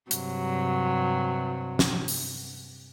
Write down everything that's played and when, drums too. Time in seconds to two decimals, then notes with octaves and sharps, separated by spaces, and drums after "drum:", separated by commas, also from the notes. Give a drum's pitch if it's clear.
0.11 G2 C3 F#3, drum: hi-hat
1.79 drum: snare
2.08 drum: open hi-hat